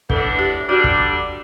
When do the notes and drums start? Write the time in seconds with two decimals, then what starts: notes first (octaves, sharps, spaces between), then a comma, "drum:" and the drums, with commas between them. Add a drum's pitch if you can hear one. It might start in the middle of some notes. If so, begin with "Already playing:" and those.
0.10 A2 E3 B3 D4 A4, drum: kick
0.39 G4
0.69 D3 G3 D4 F#4
0.84 drum: kick